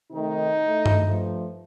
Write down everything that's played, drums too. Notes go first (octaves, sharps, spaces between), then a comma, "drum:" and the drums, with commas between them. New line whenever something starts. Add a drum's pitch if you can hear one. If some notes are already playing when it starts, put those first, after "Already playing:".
C3 D#3 A3 D#4
A2 A3
drum: tom G2
G2 F3 A3